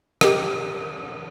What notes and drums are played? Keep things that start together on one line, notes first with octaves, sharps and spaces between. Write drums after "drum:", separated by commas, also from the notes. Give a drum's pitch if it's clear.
G4 A#4 D#5, drum: rim click